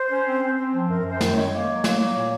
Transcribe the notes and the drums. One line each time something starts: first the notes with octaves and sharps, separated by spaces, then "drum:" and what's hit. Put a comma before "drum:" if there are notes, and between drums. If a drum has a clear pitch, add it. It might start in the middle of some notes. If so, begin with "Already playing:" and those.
Already playing: C5
C#4
C4
C4
C4
F3
F#2 A#4
F#2
C5
D#3, drum: snare
C#5
G#3
A#3 C#5
F#3
A#3, drum: snare
A#3
A#2